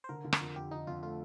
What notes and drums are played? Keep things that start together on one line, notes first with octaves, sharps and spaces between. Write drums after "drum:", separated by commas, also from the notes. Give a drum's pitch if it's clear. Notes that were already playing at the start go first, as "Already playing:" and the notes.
C5
D3 A#4
D3
A#4, drum: rim click
F2
F2 G4
D3 D#4
F2 F4
A3 F4